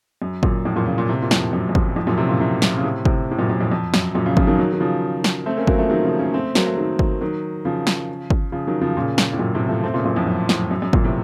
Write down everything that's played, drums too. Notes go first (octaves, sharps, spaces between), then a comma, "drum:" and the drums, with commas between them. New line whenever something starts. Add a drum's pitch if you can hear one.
F#2
F#2 A#2, drum: kick G1
F2 A2
F#2 A#2
A#2 C#3
A#2 C#3
A2 C3
A#2
F2 A2, drum: snare
F#2
F2
F#2, drum: kick G1
F2 A2
F#2 A#2
A2 C3
A#2 C#3
A2 C3
drum: snare
C#3
A2 C3
A2 C3, drum: kick G1
A2
F#2 A#2
F#2 A#2
F2 A2
F2
F#2, drum: snare
F#2 A#2
A#2 C#3
C#3 F3, drum: kick G1
D#3 F#3
D#3 F#3
D#3
C#3 F3
drum: snare
A3 C4
A#3 C#4
F#3 A#3, drum: kick G1
F3 A3
D#3 F#3
C#3 F3
A#3 C#4
A3 C4
F#3 A#3, drum: snare
A3
D#3 F#3
drum: kick G1
D#3 F#3
C#3 F3
drum: snare
drum: kick G1
C#3 F3
D#3 F#3
C#3 F3
A#2 C#3
drum: snare
A2
F#2 A#2
A2 C3
F3 A3
A3 C4
A#2 C#3
F#2 A#2
F2 A2
F#2
F2 A2, drum: snare
F#2
F#2
F#2 A#2, drum: kick G1
A2 C3